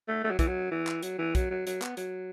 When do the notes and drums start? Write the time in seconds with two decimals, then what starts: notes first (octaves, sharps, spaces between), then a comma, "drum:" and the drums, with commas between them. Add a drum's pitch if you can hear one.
0.08 A3
0.24 A3
0.31 F#3
0.39 E3, drum: kick, hi-hat
0.47 F#3
0.71 E3
0.87 drum: clap
1.03 F#3, drum: hi-hat
1.18 E3
1.35 F#3, drum: kick, hi-hat
1.51 F#3
1.67 F#3, drum: hi-hat
1.82 B3, drum: clap
1.97 F#3, drum: hi-hat